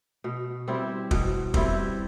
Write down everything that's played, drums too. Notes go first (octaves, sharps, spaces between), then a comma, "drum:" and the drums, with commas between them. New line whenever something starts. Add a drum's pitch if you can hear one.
B2
G3 C4 E4
B2, drum: kick
G3 C4 E4, drum: kick